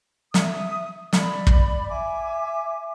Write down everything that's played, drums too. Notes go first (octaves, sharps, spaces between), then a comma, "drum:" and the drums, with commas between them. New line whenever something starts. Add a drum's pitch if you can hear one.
E5 D#6, drum: snare
D5 B5, drum: snare
drum: kick
E5 G#5 D6